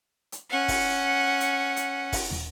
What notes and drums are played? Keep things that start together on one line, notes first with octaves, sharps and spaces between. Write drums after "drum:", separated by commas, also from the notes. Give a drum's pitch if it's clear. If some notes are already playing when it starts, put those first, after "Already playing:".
drum: hi-hat
C#4 F#5
drum: kick, open hi-hat
drum: hi-hat
drum: hi-hat
drum: kick, open hi-hat
drum: tom